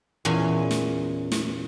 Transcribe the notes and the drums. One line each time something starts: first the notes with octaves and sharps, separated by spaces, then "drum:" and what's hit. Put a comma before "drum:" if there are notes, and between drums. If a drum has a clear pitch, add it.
E2 A#2 C#4 G#5
drum: snare
drum: snare